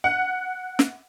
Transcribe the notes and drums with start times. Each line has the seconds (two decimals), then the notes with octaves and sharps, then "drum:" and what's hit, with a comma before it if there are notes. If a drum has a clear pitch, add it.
0.04 F#5
0.79 drum: snare